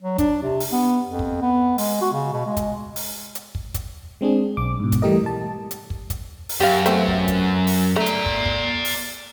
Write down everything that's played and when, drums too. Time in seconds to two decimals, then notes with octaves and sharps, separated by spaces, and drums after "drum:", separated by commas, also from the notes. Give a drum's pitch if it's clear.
0.03 F#3
0.18 D4, drum: kick, hi-hat
0.43 C3
0.60 drum: open hi-hat
0.72 B3
1.06 F2
1.19 drum: kick
1.42 B3
1.78 G#3, drum: open hi-hat
2.01 F#4
2.13 C#3
2.33 B2
2.46 G#3
2.57 drum: kick, hi-hat
2.96 drum: open hi-hat
3.35 drum: hi-hat
3.55 drum: kick
3.74 drum: kick, hi-hat
4.21 G#3 C4 D4 G#4
4.57 B1 D6
4.80 G#2 B2
4.92 drum: kick, hi-hat
5.02 E3 G3 A3 G4 A#4 D#5
5.26 A5
5.71 drum: hi-hat
5.90 drum: kick
6.10 drum: kick, hi-hat
6.49 drum: open hi-hat
6.60 F#2 G4 F5
6.86 A3 B3 C4, drum: hi-hat
7.08 drum: kick
7.28 drum: kick, hi-hat
7.67 drum: open hi-hat
7.96 A3 D5 A#5
8.06 drum: hi-hat
8.26 drum: kick
8.45 drum: kick
8.85 drum: open hi-hat